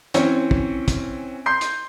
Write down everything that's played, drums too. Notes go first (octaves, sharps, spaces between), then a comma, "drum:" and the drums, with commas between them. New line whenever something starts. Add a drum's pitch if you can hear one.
E3 C4 C#4 C#5, drum: hi-hat
drum: kick
drum: kick, hi-hat
C6 G6 C7
drum: hi-hat